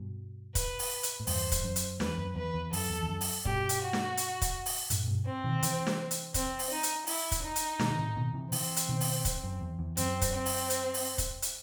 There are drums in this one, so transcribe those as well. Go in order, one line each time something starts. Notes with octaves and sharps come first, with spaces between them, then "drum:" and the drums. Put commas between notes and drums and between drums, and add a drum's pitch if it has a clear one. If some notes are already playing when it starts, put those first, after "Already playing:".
Already playing: G2 B2
B4, drum: kick, hi-hat
drum: open hi-hat
drum: hi-hat
A2
E2 G2 C5, drum: open hi-hat
drum: kick, hi-hat
F#2
drum: hi-hat
E2 B4, drum: snare
F#2
E2 B4
E2
F#2 A4, drum: open hi-hat
E2
E2
F#2
drum: open hi-hat
G2 B2 G4, drum: kick
drum: hi-hat
F#4
drum: snare
drum: hi-hat
drum: kick, hi-hat
drum: open hi-hat
F#2 A2, drum: hi-hat
G2 B2
C4
B2 D#3
C3 E3, drum: hi-hat
drum: snare
drum: hi-hat
C4, drum: kick, hi-hat
drum: open hi-hat
D#4
drum: hi-hat
E4, drum: open hi-hat
drum: kick, hi-hat
D#4
drum: hi-hat
B2 D#3, drum: snare
D#3
A2 C3
B2 D#3
C3 E3
C3 E3 C4, drum: open hi-hat
drum: hi-hat
B2 D#3
drum: open hi-hat
drum: kick, hi-hat
F#2
E2
E2
F#2 C4, drum: hi-hat
drum: kick, hi-hat
C4
drum: open hi-hat
drum: hi-hat
drum: open hi-hat
drum: kick, hi-hat
drum: hi-hat